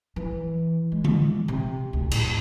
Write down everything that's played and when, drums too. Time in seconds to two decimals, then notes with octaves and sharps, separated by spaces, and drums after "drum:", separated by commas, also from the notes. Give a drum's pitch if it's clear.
0.16 E3
0.92 G#3
1.04 drum: tom D3
1.48 C3
1.93 D2
2.11 A2, drum: cymbal